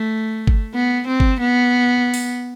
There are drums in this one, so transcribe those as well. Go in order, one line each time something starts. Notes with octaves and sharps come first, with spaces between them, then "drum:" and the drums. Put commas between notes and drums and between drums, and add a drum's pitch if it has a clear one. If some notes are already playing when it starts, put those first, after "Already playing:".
Already playing: A3
drum: kick G1
B3
C4
drum: kick G1
B3
drum: open hi-hat